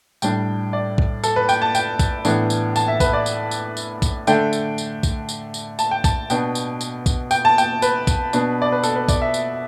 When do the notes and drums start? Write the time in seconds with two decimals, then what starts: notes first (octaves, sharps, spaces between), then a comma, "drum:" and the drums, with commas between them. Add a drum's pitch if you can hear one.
0.22 A2 G3 D4 G5, drum: tambourine
0.73 D5
0.98 drum: kick A#1
1.24 A4, drum: tambourine
1.36 B4
1.49 G5, drum: tambourine
1.62 A5
1.75 G5, drum: tambourine
1.99 drum: kick A#1, tambourine
2.25 A2 E3 B3 D4, drum: tambourine
2.50 drum: tambourine
2.76 A5, drum: tambourine
2.88 E5
3.00 B4, drum: kick A#1, tambourine
3.13 D5
3.26 drum: tambourine
3.51 drum: tambourine
3.77 drum: tambourine
4.02 drum: kick A#1, tambourine
4.27 D3 A3 D4 G5, drum: tambourine
4.53 drum: tambourine
4.78 drum: tambourine
5.03 drum: kick A#1, tambourine
5.29 drum: tambourine
5.54 drum: tambourine
5.79 A5, drum: tambourine
5.91 G5
6.04 A5, drum: kick A#1, tambourine
6.30 B2 B3 D4 G5, drum: tambourine
6.55 drum: tambourine
6.81 drum: tambourine
7.06 drum: kick A#1, tambourine
7.31 G5, drum: tambourine
7.45 A5
7.58 G5, drum: tambourine
7.82 B4, drum: tambourine
8.07 drum: kick A#1, tambourine
8.33 B2 B3 D4, drum: tambourine
8.62 D5
8.72 B4
8.84 A4, drum: tambourine
8.96 B4
9.08 D5, drum: kick A#1, tambourine
9.22 E5
9.34 drum: tambourine